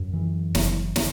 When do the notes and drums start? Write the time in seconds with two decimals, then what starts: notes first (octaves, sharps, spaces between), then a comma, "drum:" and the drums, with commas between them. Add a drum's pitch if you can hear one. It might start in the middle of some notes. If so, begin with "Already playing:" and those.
Already playing: F#2
0.13 E3
0.55 F#1, drum: snare
0.96 drum: snare